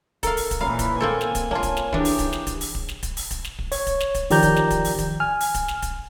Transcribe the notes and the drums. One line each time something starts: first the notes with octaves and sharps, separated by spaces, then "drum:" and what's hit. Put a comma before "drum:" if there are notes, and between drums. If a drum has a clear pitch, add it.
A4 A#4 F5, drum: kick, hi-hat
drum: open hi-hat
drum: kick, hi-hat
A#2 E3 C#4 F5 A#5 B5
drum: kick, hi-hat
A#3 C4 A4 G#5
drum: snare
drum: kick, hi-hat
A#3 F4 C#5 A5
drum: kick, hi-hat
drum: snare
E3 D4 D#4 G4 G#4, drum: kick
drum: open hi-hat
drum: kick, hi-hat
drum: snare
drum: kick, hi-hat
drum: open hi-hat
drum: kick
drum: snare
drum: kick, hi-hat
drum: open hi-hat
drum: kick, hi-hat
drum: snare
drum: kick
C#5, drum: open hi-hat
drum: kick, hi-hat
drum: snare
drum: kick, hi-hat
D#3 F3 G4 D5 A#5 G6, drum: open hi-hat
drum: kick, hi-hat
drum: snare
drum: kick, hi-hat
drum: open hi-hat
drum: kick, hi-hat
G#5 F6
drum: open hi-hat
drum: kick, hi-hat
drum: snare
drum: kick, hi-hat